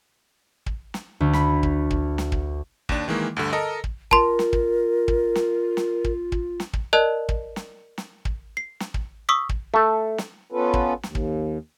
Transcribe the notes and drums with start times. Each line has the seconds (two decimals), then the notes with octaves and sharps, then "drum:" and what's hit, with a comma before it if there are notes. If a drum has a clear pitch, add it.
0.66 drum: kick
0.94 drum: snare
1.20 D2
1.33 B5, drum: snare
1.63 drum: kick
1.91 drum: kick
2.18 drum: snare
2.32 drum: kick
2.89 D#2 D4, drum: kick
3.08 D#3 E3 G#3 A#3
3.37 D2 G2 D3
3.53 A4 A#4 D#5
3.84 drum: kick
4.11 F4 A#4 A5 C6, drum: kick
4.39 drum: snare
4.53 drum: kick
5.08 drum: kick
5.35 drum: snare
5.77 drum: snare
6.04 drum: kick
6.32 drum: kick
6.60 drum: snare
6.73 drum: kick
6.93 A#4 D5 D#5 A5 F#6
7.29 drum: kick
7.56 drum: snare
7.98 drum: snare
8.25 drum: kick
8.57 C7
8.80 drum: snare
8.94 drum: kick
9.29 C#6 D#6 E6 B6
9.49 drum: kick
9.74 A3 A4
10.18 drum: snare
10.52 B3 C#4 F4 A4 B4
10.74 drum: kick
11.03 D#2, drum: snare
11.15 drum: kick